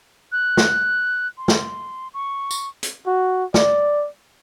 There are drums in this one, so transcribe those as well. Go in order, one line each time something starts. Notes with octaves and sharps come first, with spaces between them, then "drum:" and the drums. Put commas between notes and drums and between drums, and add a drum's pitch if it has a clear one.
F#6
drum: snare
C6
drum: snare
C#6
drum: tambourine
drum: hi-hat
F#4
D5, drum: snare